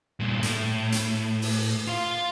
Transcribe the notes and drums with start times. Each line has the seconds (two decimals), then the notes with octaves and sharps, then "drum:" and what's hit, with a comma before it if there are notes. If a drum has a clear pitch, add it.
0.20 G2 A#2
0.43 A2, drum: hi-hat
0.92 drum: hi-hat
1.42 drum: open hi-hat
1.87 F4 F5